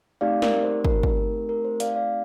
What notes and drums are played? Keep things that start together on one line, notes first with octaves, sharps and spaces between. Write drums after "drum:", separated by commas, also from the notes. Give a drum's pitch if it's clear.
A3 C4 D#4 G4 D5 F5
A#4 D5, drum: snare
C5
A#4, drum: kick
drum: kick
A#4
A#4
C5
D5 F5, drum: hi-hat
D5 F5